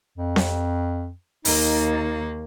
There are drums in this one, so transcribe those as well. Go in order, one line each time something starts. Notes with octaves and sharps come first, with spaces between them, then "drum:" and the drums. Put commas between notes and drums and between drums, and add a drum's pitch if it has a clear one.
F2
drum: snare C4
D#2 A#3 D#4, drum: open hi-hat